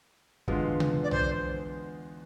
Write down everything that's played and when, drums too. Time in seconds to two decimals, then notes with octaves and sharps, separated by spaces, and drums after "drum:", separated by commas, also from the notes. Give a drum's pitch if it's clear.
0.48 E2 D3 G#3 B3 F4, drum: kick
0.80 drum: tom C3
1.03 D5
1.11 C5, drum: tom B1